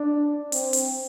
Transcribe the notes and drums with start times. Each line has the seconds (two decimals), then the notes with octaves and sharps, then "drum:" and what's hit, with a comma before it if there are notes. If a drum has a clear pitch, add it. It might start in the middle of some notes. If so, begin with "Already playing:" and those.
Already playing: D4
0.52 C4, drum: hi-hat
0.73 drum: hi-hat